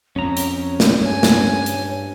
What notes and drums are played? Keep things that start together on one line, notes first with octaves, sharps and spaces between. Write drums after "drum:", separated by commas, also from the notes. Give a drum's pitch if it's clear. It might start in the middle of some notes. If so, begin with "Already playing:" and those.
F2 C#4 C#5 A#5
drum: hi-hat
drum: snare
G2 G#5
drum: snare
drum: hi-hat